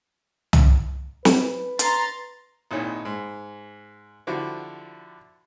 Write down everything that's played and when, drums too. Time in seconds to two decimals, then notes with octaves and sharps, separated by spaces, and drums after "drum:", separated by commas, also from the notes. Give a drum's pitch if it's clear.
0.53 drum: tom
1.25 B4, drum: snare
1.79 A#5 C6 A6, drum: hi-hat
2.71 G#1 A#2 D#4 E4 C#5
3.05 G#2
4.27 D3 F3 E4 F#4 G4 C5